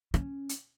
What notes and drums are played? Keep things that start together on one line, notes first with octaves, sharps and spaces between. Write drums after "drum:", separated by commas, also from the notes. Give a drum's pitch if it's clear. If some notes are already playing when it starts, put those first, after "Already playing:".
C#4, drum: rim click
drum: hi-hat